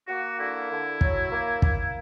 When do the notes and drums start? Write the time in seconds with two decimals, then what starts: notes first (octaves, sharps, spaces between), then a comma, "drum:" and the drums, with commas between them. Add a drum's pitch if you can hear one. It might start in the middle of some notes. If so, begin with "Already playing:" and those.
0.08 A#3 F#4
0.39 D3 E4
0.70 D3
1.01 F#3, drum: kick
1.32 A#3
1.62 A#3, drum: kick